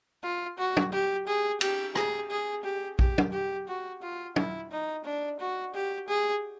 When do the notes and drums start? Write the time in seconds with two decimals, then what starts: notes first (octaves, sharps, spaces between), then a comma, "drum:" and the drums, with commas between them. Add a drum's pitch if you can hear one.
0.23 F4
0.58 F#4
0.77 drum: tom
0.92 G4
1.27 G#4
1.61 G4, drum: cymbal
1.95 G#4, drum: rim click
2.30 G#4
2.64 G4
2.99 G4, drum: kick A#1
3.18 drum: tom
3.33 G4
3.68 F#4
4.02 F4
4.36 E4, drum: tom
4.71 D#4
5.05 D4
5.40 F#4
5.74 G4
6.08 G#4